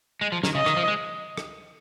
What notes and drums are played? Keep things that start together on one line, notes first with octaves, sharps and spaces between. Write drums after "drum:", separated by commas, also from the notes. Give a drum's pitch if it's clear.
G#3
F3
D#3, drum: snare
C#3 D#5
D#3, drum: rim click
F3
G#3
drum: rim click